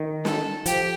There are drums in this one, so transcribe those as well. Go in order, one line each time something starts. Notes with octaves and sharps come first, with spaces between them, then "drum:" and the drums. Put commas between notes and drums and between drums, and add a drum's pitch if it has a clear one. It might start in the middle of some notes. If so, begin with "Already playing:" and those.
Already playing: D#3
A4, drum: snare
F3 G4, drum: hi-hat